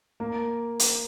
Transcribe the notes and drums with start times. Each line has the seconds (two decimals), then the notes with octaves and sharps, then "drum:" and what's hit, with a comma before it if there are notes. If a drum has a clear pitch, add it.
0.20 A#3
0.80 drum: hi-hat